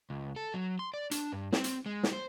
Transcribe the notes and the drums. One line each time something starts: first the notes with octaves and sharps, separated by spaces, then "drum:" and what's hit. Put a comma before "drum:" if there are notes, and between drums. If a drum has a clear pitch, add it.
C#2
A4
F#3
C6
D5
D4, drum: hi-hat
G2
C4, drum: snare
drum: hi-hat
G#3
drum: snare
C5